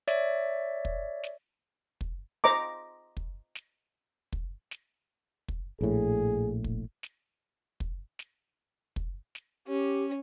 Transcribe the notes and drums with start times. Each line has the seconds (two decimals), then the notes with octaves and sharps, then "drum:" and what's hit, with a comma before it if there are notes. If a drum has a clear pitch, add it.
0.08 C#5 D5 E5, drum: snare
0.85 drum: kick
1.23 drum: snare
2.01 drum: kick
2.44 C5 D#5 A#5 D6
3.17 drum: kick
3.55 drum: snare
4.33 drum: kick
4.71 drum: snare
5.49 drum: kick
5.81 A#1 A2 G#4
6.64 drum: kick
7.03 drum: snare
7.80 drum: kick
8.19 drum: snare
8.96 drum: kick
9.35 drum: snare
9.67 C#4 G4